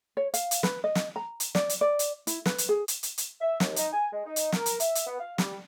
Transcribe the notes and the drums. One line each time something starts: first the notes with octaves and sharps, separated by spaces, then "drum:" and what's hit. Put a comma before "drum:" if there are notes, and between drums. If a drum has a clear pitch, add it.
C#5
F5, drum: hi-hat
drum: hi-hat
B4, drum: snare
D#5
drum: snare
A#5
drum: hi-hat
D5, drum: snare
drum: hi-hat
D5
drum: hi-hat
E4, drum: hi-hat
B4, drum: snare
drum: hi-hat
G#4
drum: hi-hat
drum: hi-hat
drum: hi-hat
E5
D#2, drum: snare
D#4, drum: hi-hat
G#5
G#3
D#4
drum: hi-hat
A#4, drum: snare
drum: hi-hat
E5, drum: hi-hat
drum: hi-hat
B3
F5
G3, drum: snare